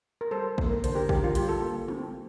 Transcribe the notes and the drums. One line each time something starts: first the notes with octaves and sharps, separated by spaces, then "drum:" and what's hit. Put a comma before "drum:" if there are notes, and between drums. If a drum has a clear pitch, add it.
A#4
G3 A4 C5
A#3, drum: kick
A#4
D3 C5, drum: hi-hat
G4 A#4
D3 G4 A#4, drum: kick
F4
G3 G4, drum: hi-hat
F4 A4
A#3
C4, drum: tom